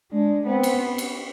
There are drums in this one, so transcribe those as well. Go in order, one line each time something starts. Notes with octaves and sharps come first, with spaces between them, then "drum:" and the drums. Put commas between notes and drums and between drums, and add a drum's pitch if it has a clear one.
G#3 D4
B3 C4
drum: cymbal
drum: cymbal